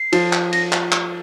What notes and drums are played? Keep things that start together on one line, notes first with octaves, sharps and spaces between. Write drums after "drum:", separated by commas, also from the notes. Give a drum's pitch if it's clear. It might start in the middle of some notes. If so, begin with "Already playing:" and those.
Already playing: C7
F3, drum: cymbal
drum: clap
A#6, drum: cymbal
drum: clap
drum: clap